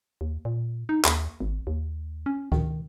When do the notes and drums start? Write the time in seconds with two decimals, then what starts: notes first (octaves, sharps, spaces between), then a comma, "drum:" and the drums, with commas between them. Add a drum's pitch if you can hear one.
0.21 D#2
0.45 A#2
0.89 D#4
1.05 D#2, drum: clap
1.40 G#1
1.67 D#2
2.26 C#4
2.52 D#3, drum: kick D2